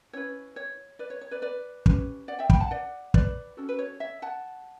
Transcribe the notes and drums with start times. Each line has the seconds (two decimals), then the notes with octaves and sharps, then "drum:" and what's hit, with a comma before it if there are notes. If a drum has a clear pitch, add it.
0.13 C#4 E4 B4 C#5
0.56 C#5
0.99 B4 D5
1.10 C#5
1.21 C#5
1.31 B4 D5
1.42 B4 D5
1.86 C#4 G4 B4, drum: kick
2.28 D5 F#5
2.39 E5 G5
2.50 G5 B5, drum: kick
2.60 F#5 A5
2.71 D5 F#5
3.14 B4 D5, drum: kick
3.57 C#4 F#4 A4
3.69 B4
3.79 C#5
4.00 C#5 E5
4.22 F#5 A5